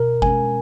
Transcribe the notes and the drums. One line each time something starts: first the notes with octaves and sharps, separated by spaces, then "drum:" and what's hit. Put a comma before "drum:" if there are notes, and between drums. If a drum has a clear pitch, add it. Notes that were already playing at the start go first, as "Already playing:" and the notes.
Already playing: B2 A#4
G#3 C#4 G#5, drum: kick G1